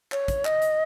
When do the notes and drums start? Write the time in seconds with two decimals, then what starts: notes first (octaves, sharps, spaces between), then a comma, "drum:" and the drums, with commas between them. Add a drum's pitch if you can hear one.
0.12 C#5, drum: clap
0.28 drum: kick, hi-hat
0.45 D#5, drum: clap
0.62 drum: hi-hat